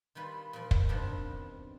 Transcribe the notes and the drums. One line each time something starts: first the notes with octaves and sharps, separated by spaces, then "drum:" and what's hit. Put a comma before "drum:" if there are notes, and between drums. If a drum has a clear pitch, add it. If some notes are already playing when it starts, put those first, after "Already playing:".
D#3 G3 F4 B4 B5
A#2 F3
drum: kick
B2 D#3 F3 G3 C4 D4